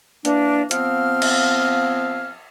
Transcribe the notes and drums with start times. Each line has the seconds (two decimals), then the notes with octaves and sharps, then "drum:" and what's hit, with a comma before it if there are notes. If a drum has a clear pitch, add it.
0.25 E3 A#3 D4, drum: hi-hat
0.71 F3 B3 C4 F5 F6, drum: hi-hat
1.22 drum: cymbal